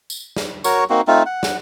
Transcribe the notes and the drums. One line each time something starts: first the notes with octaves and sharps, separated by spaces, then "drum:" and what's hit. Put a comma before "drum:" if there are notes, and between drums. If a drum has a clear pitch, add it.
drum: tambourine
drum: snare
F#4 A#4 C#5 C#6, drum: tambourine
A#3 C4 D#4 F#4
A3 C4 D#4 F4
F#5
drum: snare